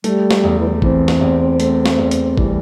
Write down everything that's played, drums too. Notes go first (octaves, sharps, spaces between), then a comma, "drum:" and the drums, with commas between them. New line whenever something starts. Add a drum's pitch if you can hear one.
G3 A3, drum: hi-hat
drum: snare
E2
E3
G3
A3
E3 C4, drum: kick G#1
drum: snare
E2
A3, drum: hi-hat
drum: snare
E2
drum: hi-hat
E3 G3, drum: kick G#1